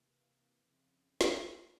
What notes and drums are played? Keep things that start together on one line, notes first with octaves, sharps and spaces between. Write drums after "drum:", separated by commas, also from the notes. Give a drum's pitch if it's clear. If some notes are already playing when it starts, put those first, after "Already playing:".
Already playing: C3 E3 A#3
F2 C#3 F3 C4 E4
drum: snare
F3 A#3 F4 G#4 C#5